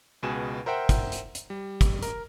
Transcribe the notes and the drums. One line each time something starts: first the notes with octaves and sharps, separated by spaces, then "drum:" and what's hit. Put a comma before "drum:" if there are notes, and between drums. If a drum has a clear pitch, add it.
C#2 B2 G#4 B4 G#5 E7
A#4 C5 E5 F#5 G5
drum: kick, hi-hat
drum: hi-hat
drum: hi-hat
G3
drum: kick, hi-hat
A#4, drum: hi-hat